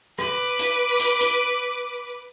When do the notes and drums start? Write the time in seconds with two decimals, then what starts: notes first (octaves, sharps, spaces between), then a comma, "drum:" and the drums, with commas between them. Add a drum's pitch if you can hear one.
0.18 B4 D6, drum: rim click
0.59 drum: hi-hat
0.99 drum: hi-hat
1.21 drum: hi-hat